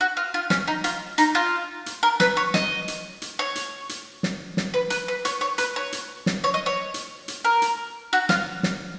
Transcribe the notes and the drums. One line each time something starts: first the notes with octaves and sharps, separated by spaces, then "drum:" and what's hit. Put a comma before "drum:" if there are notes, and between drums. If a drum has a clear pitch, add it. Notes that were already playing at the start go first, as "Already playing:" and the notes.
F#4
F4
F4
C#4, drum: snare
D#4
F4, drum: hi-hat
D#4, drum: hi-hat
F4
drum: hi-hat
A#4
B4, drum: snare
C#5
D#5, drum: snare
drum: hi-hat
drum: hi-hat
C#5
drum: hi-hat
drum: hi-hat
drum: snare
drum: snare
B4
B4, drum: hi-hat
B4
C#5, drum: hi-hat
C#5
B4, drum: hi-hat
C#5
drum: hi-hat
drum: snare
C#5
D#5
C#5
drum: hi-hat
drum: hi-hat
A#4
drum: hi-hat
F#4
F4, drum: snare
drum: snare